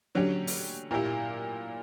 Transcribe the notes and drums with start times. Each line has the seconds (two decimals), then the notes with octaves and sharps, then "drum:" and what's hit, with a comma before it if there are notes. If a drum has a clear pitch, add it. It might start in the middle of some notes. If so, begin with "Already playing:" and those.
0.15 D3 F#3 C#4 G4
0.47 drum: open hi-hat
0.91 A#2 A#3 E4 G4